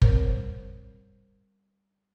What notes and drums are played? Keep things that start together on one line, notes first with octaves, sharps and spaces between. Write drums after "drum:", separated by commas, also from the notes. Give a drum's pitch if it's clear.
G3 C4 A#4 C5 C#5, drum: kick